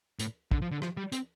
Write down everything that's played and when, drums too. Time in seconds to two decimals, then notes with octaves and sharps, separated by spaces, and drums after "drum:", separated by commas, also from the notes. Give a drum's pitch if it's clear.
0.19 A2, drum: hi-hat
0.51 D3, drum: kick
0.62 F3
0.71 D3
0.82 F3, drum: rim click
0.97 G3
1.12 C4, drum: hi-hat